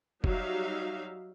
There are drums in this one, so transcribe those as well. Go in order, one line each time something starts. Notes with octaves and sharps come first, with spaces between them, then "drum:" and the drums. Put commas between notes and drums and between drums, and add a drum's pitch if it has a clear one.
F#3 G3 D#4 E5 F5, drum: kick F1